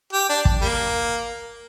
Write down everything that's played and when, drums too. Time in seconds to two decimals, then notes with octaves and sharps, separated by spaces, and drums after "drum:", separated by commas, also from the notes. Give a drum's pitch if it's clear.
0.13 G4
0.29 D4
0.45 drum: kick
0.61 G3 A#3